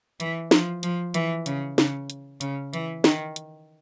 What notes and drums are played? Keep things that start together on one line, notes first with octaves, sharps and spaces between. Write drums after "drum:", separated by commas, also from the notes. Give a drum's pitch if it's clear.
E3, drum: hi-hat
F3, drum: snare
F3, drum: hi-hat
E3, drum: hi-hat
C#3, drum: hi-hat
C#3, drum: snare
drum: hi-hat
C#3, drum: hi-hat
E3, drum: hi-hat
D#3, drum: snare
drum: hi-hat